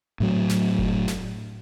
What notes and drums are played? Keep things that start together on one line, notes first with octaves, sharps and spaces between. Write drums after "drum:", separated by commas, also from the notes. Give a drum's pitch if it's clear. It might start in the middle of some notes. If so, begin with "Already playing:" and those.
A2 F#3
drum: snare
drum: kick F#1
drum: snare